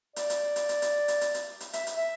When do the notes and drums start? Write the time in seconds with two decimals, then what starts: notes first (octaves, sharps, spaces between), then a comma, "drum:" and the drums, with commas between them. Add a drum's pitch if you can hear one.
0.16 D5, drum: hi-hat
0.30 drum: hi-hat
0.56 drum: hi-hat
0.69 drum: hi-hat
0.82 drum: hi-hat
1.08 drum: hi-hat
1.21 drum: hi-hat
1.34 drum: hi-hat
1.60 drum: hi-hat
1.73 E5, drum: hi-hat
1.87 drum: hi-hat
1.96 E5